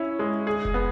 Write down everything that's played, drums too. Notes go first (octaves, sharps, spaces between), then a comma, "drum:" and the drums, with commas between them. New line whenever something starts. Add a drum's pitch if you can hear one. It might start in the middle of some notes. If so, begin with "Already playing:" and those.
Already playing: C#4 E4
G#3
G#4
drum: kick F1
B3